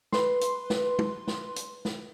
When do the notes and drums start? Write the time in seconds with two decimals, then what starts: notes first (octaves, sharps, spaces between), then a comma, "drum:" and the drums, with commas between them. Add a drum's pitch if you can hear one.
0.12 B4 C6, drum: snare
0.41 drum: hi-hat
0.70 drum: snare
0.99 drum: tom
1.27 drum: snare
1.56 drum: hi-hat
1.85 drum: snare